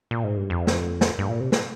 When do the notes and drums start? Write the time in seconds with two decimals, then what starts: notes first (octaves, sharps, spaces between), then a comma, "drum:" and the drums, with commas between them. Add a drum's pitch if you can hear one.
0.11 A#2
0.24 G#2
0.37 G2
0.50 F2
0.67 drum: snare
1.01 drum: snare
1.19 G2
1.29 A#2
1.41 C3
1.52 drum: snare